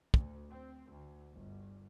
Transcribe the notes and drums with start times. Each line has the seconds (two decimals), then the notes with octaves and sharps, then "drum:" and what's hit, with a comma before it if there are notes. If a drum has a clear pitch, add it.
0.14 D2, drum: kick
0.49 C4
0.89 D2
1.33 G1